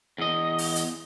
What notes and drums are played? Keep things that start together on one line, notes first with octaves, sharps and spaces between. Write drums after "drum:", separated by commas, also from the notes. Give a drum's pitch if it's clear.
E2 D#5
drum: open hi-hat
drum: hi-hat